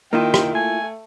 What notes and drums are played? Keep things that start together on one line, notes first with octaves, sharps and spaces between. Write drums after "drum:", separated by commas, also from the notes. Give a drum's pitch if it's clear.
D#3 A#3 E4 F4 G5
drum: rim click
A3 G#5